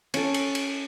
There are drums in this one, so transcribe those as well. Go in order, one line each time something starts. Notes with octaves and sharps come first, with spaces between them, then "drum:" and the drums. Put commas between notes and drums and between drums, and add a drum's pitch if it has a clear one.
C#4 A4, drum: cymbal
drum: cymbal
drum: cymbal